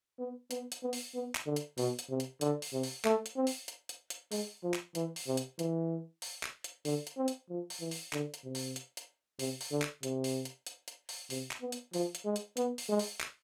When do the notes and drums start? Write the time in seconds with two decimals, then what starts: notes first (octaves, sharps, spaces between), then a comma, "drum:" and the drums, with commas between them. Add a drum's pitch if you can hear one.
0.19 B3
0.51 B3, drum: hi-hat
0.72 drum: hi-hat
0.83 B3
0.93 drum: open hi-hat
1.14 B3
1.35 drum: clap
1.46 D3
1.56 drum: hi-hat
1.78 B2, drum: open hi-hat
1.99 drum: hi-hat
2.09 C3
2.20 drum: hi-hat
2.41 D3, drum: hi-hat
2.62 drum: open hi-hat
2.73 C3
2.83 drum: open hi-hat
3.05 A3, drum: clap
3.26 drum: hi-hat
3.36 C4
3.47 drum: open hi-hat
3.68 drum: hi-hat
3.89 drum: hi-hat
4.10 drum: hi-hat
4.32 G#3, drum: open hi-hat
4.63 F3
4.74 drum: clap
4.95 E3, drum: hi-hat
5.16 drum: open hi-hat
5.27 C3
5.37 drum: hi-hat
5.59 E3, drum: hi-hat
6.22 drum: open hi-hat
6.43 drum: clap
6.64 drum: hi-hat
6.85 D3, drum: open hi-hat
7.07 drum: hi-hat
7.17 C4
7.28 drum: hi-hat
7.49 F3
7.70 drum: open hi-hat
7.81 E3
7.91 drum: open hi-hat
8.13 D3, drum: clap
8.34 drum: hi-hat
8.44 C3
8.55 drum: open hi-hat
8.76 drum: hi-hat
8.97 drum: hi-hat
9.39 C3, drum: open hi-hat
9.61 drum: open hi-hat
9.72 D3
9.82 drum: clap
10.03 C3, drum: hi-hat
10.24 drum: open hi-hat
10.45 drum: hi-hat
10.67 drum: hi-hat
10.88 drum: hi-hat
11.09 drum: open hi-hat
11.30 C3, drum: open hi-hat
11.51 drum: clap
11.61 B3
11.72 drum: hi-hat
11.93 F3, drum: open hi-hat
12.15 drum: hi-hat
12.25 G#3
12.36 drum: hi-hat
12.57 B3, drum: hi-hat
12.78 drum: open hi-hat
12.89 G#3
12.99 drum: open hi-hat
13.20 drum: clap